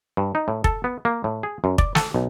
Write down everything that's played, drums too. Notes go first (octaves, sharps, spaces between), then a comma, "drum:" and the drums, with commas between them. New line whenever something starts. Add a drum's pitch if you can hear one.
G2
D#4
A2
A4, drum: kick
B3
A#3
A2
G#4
F#2
D5, drum: kick
A4, drum: snare
B1